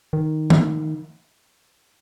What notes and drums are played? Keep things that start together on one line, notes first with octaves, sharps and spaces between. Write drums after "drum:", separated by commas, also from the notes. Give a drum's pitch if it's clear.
D#3
drum: tom